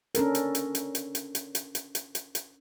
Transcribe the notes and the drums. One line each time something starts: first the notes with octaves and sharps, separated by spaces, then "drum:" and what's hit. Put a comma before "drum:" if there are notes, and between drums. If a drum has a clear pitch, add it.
C#4 D4 A4 A#4, drum: hi-hat
drum: hi-hat
drum: hi-hat
drum: hi-hat
drum: hi-hat
drum: hi-hat
drum: hi-hat
drum: hi-hat
drum: hi-hat
drum: hi-hat
drum: hi-hat
drum: hi-hat